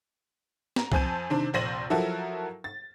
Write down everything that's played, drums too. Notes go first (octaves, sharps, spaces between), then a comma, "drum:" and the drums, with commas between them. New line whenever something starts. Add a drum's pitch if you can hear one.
A#5, drum: snare
F2 C4 G#5 A5 G6 D#7, drum: kick C2
C3 D#3 C4 D4
F1 A#1 C5 A#6 D#7 F#7
F3 F#3 E4 F#4 A4 A#4
A6